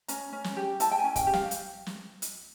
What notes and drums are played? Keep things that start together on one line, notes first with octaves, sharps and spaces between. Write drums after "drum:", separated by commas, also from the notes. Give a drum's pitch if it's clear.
C#4 A#5, drum: hi-hat
C#4
drum: snare
G4
E4 A5, drum: hi-hat
G5
G#5
C#4
G5, drum: kick, hi-hat
G4
F5, drum: snare
drum: hi-hat
drum: snare
drum: hi-hat